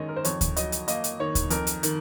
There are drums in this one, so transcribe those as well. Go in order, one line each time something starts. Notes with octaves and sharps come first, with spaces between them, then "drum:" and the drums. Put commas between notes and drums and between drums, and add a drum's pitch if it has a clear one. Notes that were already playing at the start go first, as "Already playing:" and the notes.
Already playing: F#2 D#3 G#3 C#5 D#5
A#4
C5
F2 C#5, drum: hi-hat
drum: kick D2, hi-hat
F#3 D#5, drum: hi-hat
drum: hi-hat
A#3 D#5, drum: hi-hat
drum: hi-hat
D#3 C#5
drum: kick D2, hi-hat
F2 A#4, drum: hi-hat
drum: hi-hat
D#3, drum: hi-hat